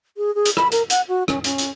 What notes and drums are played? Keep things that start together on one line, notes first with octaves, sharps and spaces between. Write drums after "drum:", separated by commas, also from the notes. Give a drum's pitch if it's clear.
G#4
G#4
drum: hi-hat
B5, drum: rim click
A#4, drum: hi-hat
F#5, drum: hi-hat
F#4
C#4, drum: rim click
C#4, drum: hi-hat
drum: hi-hat